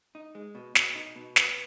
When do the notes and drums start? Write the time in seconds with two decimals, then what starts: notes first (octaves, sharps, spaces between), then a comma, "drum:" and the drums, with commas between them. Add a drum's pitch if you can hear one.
0.15 D#4
0.35 G#3
0.55 B2
0.75 B2, drum: snare
0.95 D#4
1.15 B2
1.36 B3, drum: snare